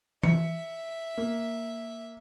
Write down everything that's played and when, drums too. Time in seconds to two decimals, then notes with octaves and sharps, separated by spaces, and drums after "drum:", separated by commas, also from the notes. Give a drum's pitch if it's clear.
0.23 E5 C#7, drum: tom E3
1.18 A#3